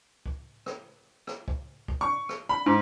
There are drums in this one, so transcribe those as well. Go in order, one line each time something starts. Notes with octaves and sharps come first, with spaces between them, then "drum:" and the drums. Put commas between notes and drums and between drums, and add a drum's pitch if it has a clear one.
drum: kick
drum: rim click
drum: rim click
drum: kick
drum: kick
C#6
drum: rim click
B5
G#2